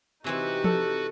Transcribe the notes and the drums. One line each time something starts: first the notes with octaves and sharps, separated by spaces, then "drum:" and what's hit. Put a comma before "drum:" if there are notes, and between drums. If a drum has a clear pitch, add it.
C3 E3 C4 D#4 F#4 G4 B4
A4, drum: tom F3